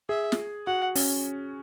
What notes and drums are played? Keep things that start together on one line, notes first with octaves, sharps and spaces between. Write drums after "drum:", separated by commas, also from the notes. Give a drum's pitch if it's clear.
G#4 E5
drum: snare
F#4 F#5
C#4, drum: open hi-hat